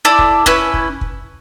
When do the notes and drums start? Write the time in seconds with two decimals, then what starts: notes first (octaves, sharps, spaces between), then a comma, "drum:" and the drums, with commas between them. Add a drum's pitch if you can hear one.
0.05 E4 A4 D5
0.19 drum: kick
0.46 C#4 E4 B4, drum: kick
0.74 drum: kick
1.01 drum: kick